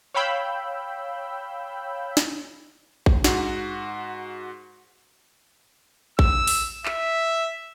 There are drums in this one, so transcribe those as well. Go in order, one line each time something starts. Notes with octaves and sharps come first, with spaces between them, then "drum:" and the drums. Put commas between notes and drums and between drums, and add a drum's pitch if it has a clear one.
C#5 F5 G5 B5 E6 G6
drum: snare
drum: kick A1
G#2 F#4, drum: snare
E6, drum: kick A1
drum: open hi-hat
E5, drum: clap